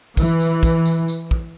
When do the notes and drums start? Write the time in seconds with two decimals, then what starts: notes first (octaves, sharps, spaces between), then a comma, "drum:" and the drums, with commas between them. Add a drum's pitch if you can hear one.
0.17 E3, drum: kick, tambourine
0.40 drum: tambourine
0.63 drum: kick, tambourine
0.86 drum: tambourine
1.08 drum: tambourine
1.31 drum: kick